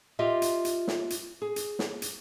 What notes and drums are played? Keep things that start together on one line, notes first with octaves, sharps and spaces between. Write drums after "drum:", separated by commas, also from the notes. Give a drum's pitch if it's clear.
F4 G4 D#5 E5
drum: hi-hat
drum: hi-hat
drum: snare
drum: hi-hat
G#4
drum: hi-hat
drum: snare
drum: hi-hat